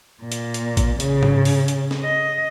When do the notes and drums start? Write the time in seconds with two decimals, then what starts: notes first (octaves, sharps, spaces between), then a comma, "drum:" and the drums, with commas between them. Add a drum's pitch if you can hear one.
0.22 A#2
0.32 drum: hi-hat
0.54 drum: hi-hat
0.77 drum: kick A1, hi-hat
1.00 C#3, drum: hi-hat
1.23 drum: tom G#2
1.45 drum: open hi-hat
1.68 drum: hi-hat
1.91 drum: snare
2.02 D#5